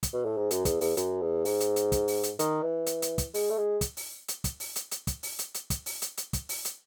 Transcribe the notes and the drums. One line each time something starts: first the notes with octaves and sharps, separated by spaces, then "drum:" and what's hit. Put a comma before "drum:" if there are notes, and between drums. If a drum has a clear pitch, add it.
drum: kick, hi-hat
B2
A2
G#2
F#2, drum: hi-hat
E2, drum: kick, hi-hat
E2, drum: open hi-hat
F#2, drum: hi-hat
E2
G#2, drum: open hi-hat
drum: hi-hat
drum: hi-hat
drum: kick, hi-hat
drum: open hi-hat
drum: hi-hat
D#3, drum: hi-hat
E3
drum: hi-hat
drum: hi-hat
drum: kick, hi-hat
G#3, drum: open hi-hat
A3
G#3
drum: kick, hi-hat
drum: open hi-hat
drum: hi-hat
drum: kick, hi-hat
drum: open hi-hat
drum: hi-hat
drum: hi-hat
drum: kick, hi-hat
drum: open hi-hat
drum: hi-hat
drum: hi-hat
drum: kick, hi-hat
drum: open hi-hat
drum: hi-hat
drum: hi-hat
drum: kick, hi-hat
drum: open hi-hat
drum: hi-hat